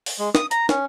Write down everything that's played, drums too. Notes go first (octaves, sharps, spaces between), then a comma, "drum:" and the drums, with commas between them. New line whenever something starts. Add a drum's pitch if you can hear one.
drum: open hi-hat
G#3
D#6, drum: snare
A#5, drum: hi-hat
C#4, drum: snare